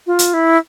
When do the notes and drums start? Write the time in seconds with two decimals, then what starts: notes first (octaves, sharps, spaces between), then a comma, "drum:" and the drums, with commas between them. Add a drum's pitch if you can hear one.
0.07 F4
0.19 drum: hi-hat
0.34 E4